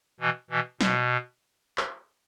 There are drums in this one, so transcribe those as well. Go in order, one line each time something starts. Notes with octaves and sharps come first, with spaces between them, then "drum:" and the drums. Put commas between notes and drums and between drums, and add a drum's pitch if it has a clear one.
B2 E3
B2 E3
B2, drum: snare
drum: clap